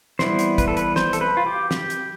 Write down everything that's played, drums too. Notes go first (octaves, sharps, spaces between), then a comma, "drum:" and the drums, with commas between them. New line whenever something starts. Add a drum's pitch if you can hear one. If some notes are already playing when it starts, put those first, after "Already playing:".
E3 G3 B3 E4 C5, drum: snare
drum: hi-hat
B4, drum: kick, hi-hat
A4
B4, drum: hi-hat
C5, drum: snare
A4, drum: hi-hat
B4
F4
G4
G4, drum: snare
drum: hi-hat